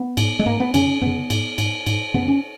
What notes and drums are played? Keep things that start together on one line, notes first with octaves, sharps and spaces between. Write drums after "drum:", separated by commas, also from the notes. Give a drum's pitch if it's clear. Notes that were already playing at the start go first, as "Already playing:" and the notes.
Already playing: B3
G#2, drum: cymbal
G#3
G#2 A#3
B3
F#2 C#3 C#4, drum: cymbal
F#2 C#3 B3
G#2, drum: cymbal
G#2, drum: cymbal
G#2, drum: cymbal
F#2 C#3 B3
C#4